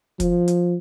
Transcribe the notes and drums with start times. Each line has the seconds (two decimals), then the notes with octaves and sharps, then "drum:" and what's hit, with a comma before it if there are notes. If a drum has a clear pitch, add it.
0.20 F3, drum: kick, hi-hat
0.48 drum: hi-hat